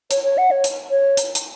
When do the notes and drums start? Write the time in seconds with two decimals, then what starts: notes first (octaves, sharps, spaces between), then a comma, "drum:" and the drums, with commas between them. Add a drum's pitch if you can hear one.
0.11 C#5, drum: hi-hat
0.24 C#5
0.38 F#5
0.51 C#5
0.64 drum: hi-hat
0.91 C#5
1.17 drum: hi-hat
1.35 drum: hi-hat